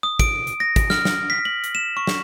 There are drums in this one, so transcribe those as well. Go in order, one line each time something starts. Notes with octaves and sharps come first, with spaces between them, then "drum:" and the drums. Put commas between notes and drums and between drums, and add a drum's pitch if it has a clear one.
D#6
D7, drum: kick, hi-hat
drum: hi-hat
A#6
drum: kick, hi-hat
F6, drum: snare
drum: snare
B6
F#7
drum: hi-hat
E7
C#6
drum: snare